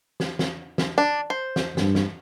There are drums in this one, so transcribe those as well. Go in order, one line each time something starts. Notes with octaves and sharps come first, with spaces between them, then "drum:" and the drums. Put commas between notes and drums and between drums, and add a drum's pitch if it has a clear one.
drum: snare
drum: snare
drum: snare
D4
C5
drum: snare
G2, drum: snare
drum: snare